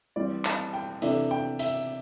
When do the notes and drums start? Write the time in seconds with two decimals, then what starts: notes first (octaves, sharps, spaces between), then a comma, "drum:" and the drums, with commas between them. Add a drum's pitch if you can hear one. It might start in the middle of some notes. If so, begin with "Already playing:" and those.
0.16 E3 G3 C4 D5
0.45 A5, drum: clap
0.73 G5
1.02 C3 E3 A3 D4 E5, drum: hi-hat
1.31 G5
1.59 E5, drum: hi-hat